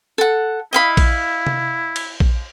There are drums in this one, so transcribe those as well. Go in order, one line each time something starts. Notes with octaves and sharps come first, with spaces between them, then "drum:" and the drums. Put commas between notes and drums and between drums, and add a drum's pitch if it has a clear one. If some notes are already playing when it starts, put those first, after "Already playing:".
A4 F#5
E4 D#5 F5 B5
drum: kick A#1, cymbal
drum: tom C3
drum: cymbal
drum: kick A#1